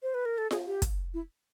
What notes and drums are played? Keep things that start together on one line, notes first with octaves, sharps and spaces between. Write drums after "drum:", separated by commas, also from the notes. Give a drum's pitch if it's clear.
C5
B4
A#4
A4
G#4, drum: snare F4
G4
drum: kick, hi-hat
E4